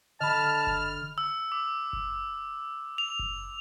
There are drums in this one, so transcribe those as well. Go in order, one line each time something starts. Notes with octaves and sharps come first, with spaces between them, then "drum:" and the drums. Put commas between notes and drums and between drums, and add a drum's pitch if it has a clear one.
D3 D#5 A5 B5 F6
drum: kick F#1
E6
D6
drum: kick F#1
F7
drum: kick F#1